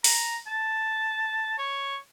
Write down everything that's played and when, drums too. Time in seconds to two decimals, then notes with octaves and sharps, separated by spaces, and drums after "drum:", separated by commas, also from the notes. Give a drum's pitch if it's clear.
0.04 A#5, drum: open hi-hat
0.47 A5
1.58 C#5